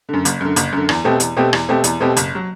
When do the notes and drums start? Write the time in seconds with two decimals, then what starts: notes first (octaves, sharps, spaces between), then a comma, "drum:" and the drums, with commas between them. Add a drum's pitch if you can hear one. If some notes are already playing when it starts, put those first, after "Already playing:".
0.09 F#2 D3
0.25 F#1, drum: hi-hat
0.41 F#2 D3
0.56 F#1, drum: hi-hat
0.72 F#2 D3
0.89 E2, drum: rim click
1.04 B2 A3 C4 G4
1.20 E2, drum: hi-hat
1.37 B2 A3 C4 G4
1.53 E2, drum: rim click
1.69 B2 A3 C4 G4
1.84 E2, drum: hi-hat
2.00 B2 A3 C4 G4
2.17 F#1, drum: hi-hat
2.35 F#3